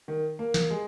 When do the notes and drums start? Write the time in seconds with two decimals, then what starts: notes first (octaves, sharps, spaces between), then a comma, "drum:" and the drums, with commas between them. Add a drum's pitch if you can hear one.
0.08 D#3
0.39 A#3
0.54 drum: snare
0.70 G#3